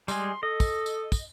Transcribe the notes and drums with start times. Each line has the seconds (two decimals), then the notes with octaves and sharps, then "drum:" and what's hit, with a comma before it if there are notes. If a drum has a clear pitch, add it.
0.08 G3 G#3 G#4 C6, drum: tambourine
0.43 A4 D#5
0.60 drum: kick, tambourine
0.86 drum: tambourine
1.12 drum: kick, tambourine